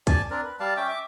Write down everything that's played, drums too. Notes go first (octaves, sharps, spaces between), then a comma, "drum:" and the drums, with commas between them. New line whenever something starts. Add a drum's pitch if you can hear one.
D5 G#5 A5, drum: kick, hi-hat
C4 D4 A#4 D5
B4
G3 D5 F5 A5
C#4 E5 G5 D6
E5 D6